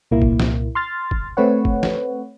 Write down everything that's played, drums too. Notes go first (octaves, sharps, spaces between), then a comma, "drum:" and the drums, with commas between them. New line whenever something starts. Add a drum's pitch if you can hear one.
C2 A#2 A#3 E4
drum: kick
drum: snare
C6 F6 A6
drum: kick
A3 C4 B4 C#5 F#5
drum: kick
drum: snare